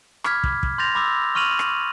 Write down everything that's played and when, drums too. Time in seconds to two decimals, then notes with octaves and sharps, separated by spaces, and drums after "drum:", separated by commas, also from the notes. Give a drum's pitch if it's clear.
0.24 B5 D6 F6 G#6 B6, drum: rim click
0.44 drum: kick
0.63 drum: kick
0.78 C6 G6 A6 A#6 F7
0.95 B5 D6 E6
1.35 C#6 F6 D#7 F7 F#7
1.59 drum: rim click